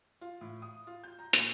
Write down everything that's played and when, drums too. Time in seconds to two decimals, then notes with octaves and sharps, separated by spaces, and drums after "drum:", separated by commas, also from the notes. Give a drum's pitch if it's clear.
0.21 F4
0.41 A2
0.62 D#6
0.87 F4
1.04 G6
1.19 A#5
1.33 A#2, drum: hi-hat